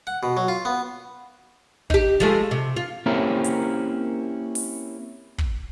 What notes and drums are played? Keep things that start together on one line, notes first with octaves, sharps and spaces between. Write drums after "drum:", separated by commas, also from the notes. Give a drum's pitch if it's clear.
F#5
B2
F#3
F4
B3
D#4 G4, drum: kick
F3 G#3 A3
C3
F4
A#3 C4 C#4 E4 G4 A#4
drum: hi-hat
drum: open hi-hat
drum: kick